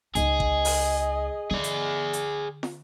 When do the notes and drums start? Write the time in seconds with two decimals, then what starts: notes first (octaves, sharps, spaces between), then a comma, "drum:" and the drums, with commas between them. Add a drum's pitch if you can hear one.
0.15 C#2 D#4 G#4 D#5, drum: hi-hat
0.40 drum: kick A1
0.65 drum: open hi-hat
1.51 D3 G#4 D5
1.64 drum: hi-hat
2.13 drum: hi-hat
2.63 drum: snare